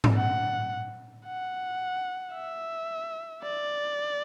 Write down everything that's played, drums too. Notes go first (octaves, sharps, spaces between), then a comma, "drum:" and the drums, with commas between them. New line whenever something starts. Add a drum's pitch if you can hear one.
drum: tom G#2
F#5
F#5
E5
D5